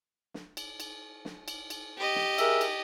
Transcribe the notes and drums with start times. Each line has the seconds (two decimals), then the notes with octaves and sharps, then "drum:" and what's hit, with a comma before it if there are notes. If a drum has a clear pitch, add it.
0.34 drum: snare
0.57 drum: cymbal
0.80 drum: cymbal
1.25 drum: snare
1.48 drum: cymbal
1.70 drum: cymbal
1.98 G4 D#5
2.16 drum: snare
2.38 G#4 A#4 E5, drum: cymbal
2.61 drum: cymbal